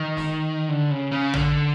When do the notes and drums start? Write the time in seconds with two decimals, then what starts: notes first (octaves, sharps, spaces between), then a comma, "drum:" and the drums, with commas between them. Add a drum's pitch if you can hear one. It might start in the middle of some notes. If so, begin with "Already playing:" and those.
Already playing: D#3
0.17 drum: snare
0.69 D3
0.90 C#3
1.12 C#3
1.34 D3, drum: tom